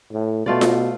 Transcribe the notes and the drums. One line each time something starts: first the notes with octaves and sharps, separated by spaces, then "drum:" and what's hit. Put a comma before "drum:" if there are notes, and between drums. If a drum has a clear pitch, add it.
A2
B2 A3 F4 D5
drum: snare F4